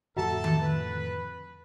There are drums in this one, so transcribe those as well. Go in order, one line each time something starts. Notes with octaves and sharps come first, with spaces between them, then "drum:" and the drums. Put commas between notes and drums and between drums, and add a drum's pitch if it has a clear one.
F2 A2 D3 F#4 A4 E5 A5 A#5
drum: tom D#3
B4